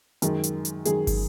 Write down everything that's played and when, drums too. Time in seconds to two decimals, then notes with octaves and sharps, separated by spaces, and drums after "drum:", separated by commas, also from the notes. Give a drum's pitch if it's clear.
0.22 F#2 D#3 G#3, drum: hi-hat
0.43 drum: hi-hat
0.65 drum: hi-hat
0.85 F#2 D#3 G#3 G#4, drum: hi-hat
1.07 drum: kick, open hi-hat